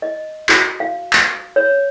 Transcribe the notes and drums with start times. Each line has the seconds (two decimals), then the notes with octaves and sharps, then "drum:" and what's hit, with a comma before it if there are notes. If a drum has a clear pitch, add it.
0.02 D#5
0.49 F#4, drum: clap
0.80 F5
1.13 drum: clap
1.56 C#5